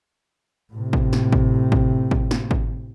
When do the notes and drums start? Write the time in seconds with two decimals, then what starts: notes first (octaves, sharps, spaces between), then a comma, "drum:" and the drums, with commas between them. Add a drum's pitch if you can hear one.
0.73 A2 C3
0.93 drum: kick
1.13 drum: snare
1.32 drum: kick
1.72 drum: kick
2.11 drum: kick
2.31 drum: snare
2.51 drum: kick